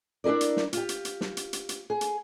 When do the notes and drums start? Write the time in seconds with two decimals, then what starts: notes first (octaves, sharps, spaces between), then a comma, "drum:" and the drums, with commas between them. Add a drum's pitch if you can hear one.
0.24 D4 E4 G#4 A#4 D5
0.41 drum: hi-hat
0.57 drum: snare
0.73 F4 G4, drum: hi-hat
0.89 drum: hi-hat
1.05 drum: hi-hat
1.21 drum: snare
1.37 drum: hi-hat
1.53 drum: hi-hat
1.69 drum: hi-hat
1.90 G#4
2.01 drum: hi-hat